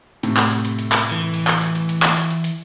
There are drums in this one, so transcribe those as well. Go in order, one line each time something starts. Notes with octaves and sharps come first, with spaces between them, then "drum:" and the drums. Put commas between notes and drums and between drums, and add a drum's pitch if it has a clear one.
A2 C3, drum: hi-hat
drum: clap
drum: hi-hat
drum: hi-hat
drum: hi-hat
drum: clap
E3
drum: hi-hat
drum: clap
drum: hi-hat
drum: hi-hat
drum: hi-hat
drum: clap
drum: hi-hat
drum: hi-hat
drum: hi-hat